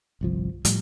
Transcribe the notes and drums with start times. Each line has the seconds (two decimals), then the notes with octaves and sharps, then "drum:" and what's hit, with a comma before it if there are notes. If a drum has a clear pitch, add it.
0.21 G1 C2 F3
0.65 A2 F3 G3, drum: hi-hat